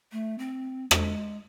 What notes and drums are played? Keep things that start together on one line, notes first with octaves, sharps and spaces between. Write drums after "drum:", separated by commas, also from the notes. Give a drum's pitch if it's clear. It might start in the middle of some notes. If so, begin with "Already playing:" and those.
A3
C4
G#3, drum: rim click